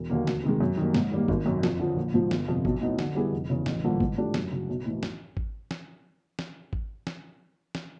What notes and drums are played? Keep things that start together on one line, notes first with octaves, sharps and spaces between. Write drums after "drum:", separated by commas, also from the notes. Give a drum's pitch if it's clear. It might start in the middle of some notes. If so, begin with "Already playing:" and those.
Already playing: E1
D#2 D3 F#3 A#3
D2, drum: snare
C3 D#3 G#3
F#2
D#3 G3 A#3
G#2, drum: snare
D#3 G3 A#3
G#1, drum: kick G#1
F#2 D#3
F2, drum: snare
D3 F3
A#1
G#2 F3
G1, drum: snare
F2 C3
B1, drum: kick G#1
A2 F#3 B3 D#4
D3, drum: snare
G3 B3 E4 G#4
F1
E2 C#3
A1, drum: snare
G2 D3 F3 A#3
G#2, drum: kick G#1
F3 A3 D4 G4
F#2, drum: snare
C#3 F#3
B1
A2 E3
drum: snare
drum: kick G#1
drum: snare
drum: snare
drum: kick G#1
drum: snare
drum: snare